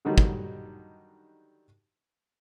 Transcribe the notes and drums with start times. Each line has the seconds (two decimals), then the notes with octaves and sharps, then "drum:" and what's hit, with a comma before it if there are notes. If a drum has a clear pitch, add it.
0.05 D3 D#3 F#3 G3 D#4
0.18 drum: kick